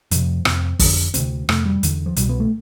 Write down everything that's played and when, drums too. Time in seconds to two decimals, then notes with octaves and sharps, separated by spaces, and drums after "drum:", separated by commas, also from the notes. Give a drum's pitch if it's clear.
0.11 F2 C3 F3, drum: hi-hat
0.45 F2 C3 C4, drum: rim click
0.79 F2 D3, drum: kick, open hi-hat
1.14 D2 C3 C4, drum: hi-hat
1.49 F2 C3 A3, drum: rim click
1.66 G3
1.83 E2 D3, drum: hi-hat
2.06 F3
2.16 C2 B2 G3, drum: hi-hat
2.29 B3
2.40 A3